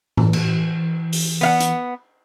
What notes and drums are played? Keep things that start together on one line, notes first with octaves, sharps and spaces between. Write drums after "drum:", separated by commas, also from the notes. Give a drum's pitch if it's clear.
E3, drum: tom A2
drum: cymbal
drum: open hi-hat
B3 F5 F#5
drum: hi-hat